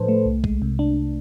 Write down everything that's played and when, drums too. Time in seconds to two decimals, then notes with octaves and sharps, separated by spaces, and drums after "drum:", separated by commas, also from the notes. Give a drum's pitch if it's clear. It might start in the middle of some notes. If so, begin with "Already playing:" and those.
Already playing: A2 F3 D4 A4 B4 C5
0.08 A3
0.26 C2
0.44 G#3, drum: kick
0.62 C3
0.79 D4